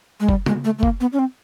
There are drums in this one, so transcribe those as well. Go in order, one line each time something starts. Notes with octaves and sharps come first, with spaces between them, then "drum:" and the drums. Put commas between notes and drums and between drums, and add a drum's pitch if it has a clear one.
G#3
G3, drum: kick F#1
G#3, drum: tom
A3
A3
A#3, drum: kick F#1
B3
C#4
C4